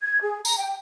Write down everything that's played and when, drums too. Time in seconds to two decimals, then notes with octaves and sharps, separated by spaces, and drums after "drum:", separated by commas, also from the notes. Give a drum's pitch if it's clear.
0.01 G#6
0.21 G#4
0.45 A#5, drum: tambourine
0.57 G5